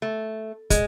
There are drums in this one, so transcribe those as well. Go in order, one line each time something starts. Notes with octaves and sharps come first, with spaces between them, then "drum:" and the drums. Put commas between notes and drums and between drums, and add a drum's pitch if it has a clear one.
A3
G#3, drum: kick, hi-hat